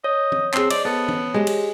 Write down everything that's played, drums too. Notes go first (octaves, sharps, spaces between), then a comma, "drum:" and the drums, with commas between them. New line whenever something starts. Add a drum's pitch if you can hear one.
C#5 D#5
drum: tom
C4 G#4 A5, drum: clap
C5 D5 D#5, drum: cymbal
B3 A4
drum: tom E3
G#3 G4 C5
drum: cymbal